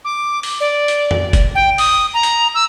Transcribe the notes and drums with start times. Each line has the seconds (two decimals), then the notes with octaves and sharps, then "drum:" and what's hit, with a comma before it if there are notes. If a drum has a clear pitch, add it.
0.05 D6
0.43 drum: open hi-hat
0.60 D5
0.88 drum: hi-hat
1.11 drum: tom F2
1.33 drum: kick F1, hi-hat
1.55 G5
1.78 D#6, drum: open hi-hat
2.14 A#5
2.23 drum: hi-hat
2.55 E6